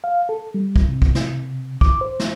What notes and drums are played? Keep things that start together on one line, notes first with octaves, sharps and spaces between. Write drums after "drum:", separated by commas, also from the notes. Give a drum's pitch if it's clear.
F5
A4
G3
drum: kick
C3
drum: kick
drum: snare
D6, drum: kick
C5
drum: snare